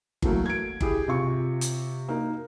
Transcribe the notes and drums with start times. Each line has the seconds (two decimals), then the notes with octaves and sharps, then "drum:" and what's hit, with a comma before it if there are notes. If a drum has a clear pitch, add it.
0.22 E3 F#3 A3 A#3, drum: kick G1
0.46 G#6 D7
0.81 E4 G4 G#4, drum: kick G1
1.08 C3 F4 C#6
1.61 drum: hi-hat
2.09 A#3 D#4